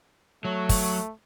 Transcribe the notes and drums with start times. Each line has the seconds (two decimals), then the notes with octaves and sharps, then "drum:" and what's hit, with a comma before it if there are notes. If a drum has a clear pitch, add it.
0.45 F#3 A3
0.69 drum: kick, open hi-hat